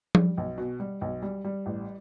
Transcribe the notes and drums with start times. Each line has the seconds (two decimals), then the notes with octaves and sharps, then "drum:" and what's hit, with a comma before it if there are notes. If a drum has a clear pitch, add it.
0.15 G3, drum: tom F3
0.37 B1
0.58 B2
0.80 G3
1.01 B1
1.23 G3
1.44 G3
1.66 A1